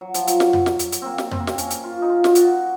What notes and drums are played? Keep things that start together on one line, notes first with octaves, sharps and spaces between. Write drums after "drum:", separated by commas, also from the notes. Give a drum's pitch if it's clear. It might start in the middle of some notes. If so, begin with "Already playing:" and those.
F#3
F3, drum: hi-hat
F#3, drum: hi-hat
drum: snare
drum: tom F2
drum: snare
drum: hi-hat
drum: hi-hat
A#3 C4
drum: snare
C4, drum: tom F2
A#3
C4, drum: snare
C#4, drum: hi-hat
drum: hi-hat
F4
D#4
F4
F4, drum: snare
F#4, drum: hi-hat